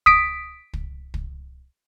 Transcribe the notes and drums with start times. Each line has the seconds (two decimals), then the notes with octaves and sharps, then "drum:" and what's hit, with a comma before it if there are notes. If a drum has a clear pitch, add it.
0.06 D#6 B6 D7, drum: kick
0.73 drum: kick
1.14 drum: kick